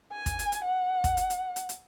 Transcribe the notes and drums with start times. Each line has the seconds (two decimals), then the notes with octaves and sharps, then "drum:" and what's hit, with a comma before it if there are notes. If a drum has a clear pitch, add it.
0.13 G#5
0.26 drum: kick, hi-hat
0.39 drum: hi-hat
0.52 drum: hi-hat
0.65 F#5
1.04 drum: kick, hi-hat
1.17 drum: hi-hat
1.30 drum: hi-hat
1.56 drum: hi-hat
1.69 drum: hi-hat